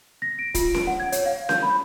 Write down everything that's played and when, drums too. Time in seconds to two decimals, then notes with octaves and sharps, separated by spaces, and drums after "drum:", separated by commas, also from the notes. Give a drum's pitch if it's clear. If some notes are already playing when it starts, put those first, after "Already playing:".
0.22 A#6
0.39 D7
0.55 F4, drum: kick D1, hi-hat
0.74 D7, drum: snare C#4
0.87 F#5
1.00 G#6
1.12 C#5, drum: hi-hat
1.26 F5
1.49 G6, drum: snare C#4
1.63 B5